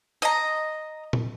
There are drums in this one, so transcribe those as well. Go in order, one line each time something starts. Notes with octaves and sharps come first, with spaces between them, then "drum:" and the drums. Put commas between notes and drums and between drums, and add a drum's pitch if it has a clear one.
D#5 A#5
drum: tom A#2